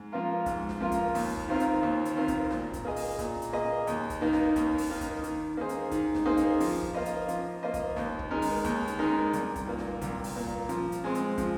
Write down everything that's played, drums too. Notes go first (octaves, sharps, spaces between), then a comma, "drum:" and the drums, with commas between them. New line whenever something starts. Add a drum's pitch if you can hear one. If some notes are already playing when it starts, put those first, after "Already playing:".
Already playing: G#2
F3 A#3 F4 A#4
G#2, drum: kick, hi-hat
drum: snare
F3 A#3 F4 A#4
drum: kick, hi-hat
D#2, drum: open hi-hat
drum: kick
D#3 C4 F4 A#4
drum: hi-hat
D#2
drum: hi-hat
D#3 C4 F4 A#4
drum: kick, hi-hat
A#2, drum: snare
drum: kick, hi-hat
A#3 G#4 D#5
drum: open hi-hat
A#2, drum: kick, hi-hat
drum: hi-hat
A#3 G#4 D#5
D#2, drum: hi-hat
drum: kick, hi-hat
D#3 A#3 D#4 A#4
drum: snare
D#2, drum: kick, hi-hat
drum: open hi-hat
D#3 A#3 D#4 A#4
drum: kick, hi-hat
D#3, drum: hi-hat
A#3 D#4 G#4 C5
drum: hi-hat
D#3, drum: kick, hi-hat
drum: snare
A#3 D#4 G#4 C5
drum: kick, hi-hat
F3, drum: open hi-hat
drum: kick
A#3 F4 C5 D#5
drum: hi-hat
F3, drum: hi-hat
A#3 F4 C5 D#5
drum: kick, hi-hat
D#2, drum: snare
drum: kick
D#3 G#3 D#4 A#4
drum: open hi-hat
D#2, drum: kick, hi-hat
drum: hi-hat
D#3 G#3 D#4 A#4
C2, drum: hi-hat
drum: kick, hi-hat
A#2 A#3
drum: snare
C2, drum: kick, hi-hat
drum: open hi-hat
A#2 A#3
drum: kick
F3, drum: hi-hat
drum: hi-hat
G#3 C4
drum: hi-hat
F3, drum: kick, hi-hat